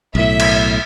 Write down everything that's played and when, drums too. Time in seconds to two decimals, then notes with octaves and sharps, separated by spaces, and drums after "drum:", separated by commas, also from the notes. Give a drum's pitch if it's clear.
0.15 B1 A2 E5
0.40 drum: cymbal